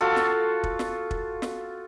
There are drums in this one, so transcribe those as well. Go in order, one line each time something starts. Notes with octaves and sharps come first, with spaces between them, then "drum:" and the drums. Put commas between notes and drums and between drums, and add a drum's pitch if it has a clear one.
F4 F#4 A4
drum: snare
drum: kick
drum: snare
drum: kick
drum: snare